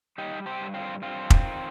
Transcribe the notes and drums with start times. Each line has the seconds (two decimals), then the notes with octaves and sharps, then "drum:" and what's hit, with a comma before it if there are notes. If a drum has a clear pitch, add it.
0.18 G3 D#4 G4
0.46 G4 C5
0.60 G2
0.74 C4 F4
1.02 G2 C4 F4
1.30 drum: kick
1.45 D#3